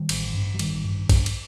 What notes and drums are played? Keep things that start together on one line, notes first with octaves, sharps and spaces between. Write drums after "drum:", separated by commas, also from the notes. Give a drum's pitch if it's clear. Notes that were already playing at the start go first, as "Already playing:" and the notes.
Already playing: D#3 G3
A1, drum: cymbal
G2
F#3
A1 D#3 G3, drum: cymbal
G2
G2, drum: kick A#1, cymbal
drum: cymbal